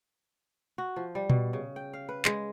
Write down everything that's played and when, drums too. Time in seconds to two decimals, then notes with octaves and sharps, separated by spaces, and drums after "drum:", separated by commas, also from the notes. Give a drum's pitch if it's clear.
0.78 F#4
0.96 F3
1.15 G3
1.30 B2, drum: tom A#2
1.53 C#3
1.76 G5
1.93 F5
2.09 B4
2.25 G#3, drum: clap